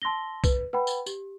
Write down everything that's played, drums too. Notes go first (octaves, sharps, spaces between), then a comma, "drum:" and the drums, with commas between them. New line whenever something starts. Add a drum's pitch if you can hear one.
A5 C6 E6 A#6 G7
B4, drum: kick B1, tambourine
B4 F#5 G5 B5
drum: tambourine
G4, drum: tambourine